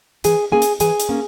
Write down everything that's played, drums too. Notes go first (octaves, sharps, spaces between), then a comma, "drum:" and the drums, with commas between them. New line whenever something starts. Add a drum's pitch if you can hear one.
E3 G#4 G#5, drum: hi-hat
A#3 C#4 G#4 G#5
drum: hi-hat
E3 G#4 G#5, drum: hi-hat
drum: hi-hat
A#3 C#4